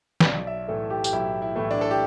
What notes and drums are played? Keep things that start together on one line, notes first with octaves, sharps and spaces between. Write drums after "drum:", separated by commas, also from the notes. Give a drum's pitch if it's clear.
B4, drum: snare
B1 D5
D5
E5
A2 E3 A3 A4
G4
G4, drum: tambourine
B1 E4
E4
A2 E3 A3
D4
A4
G4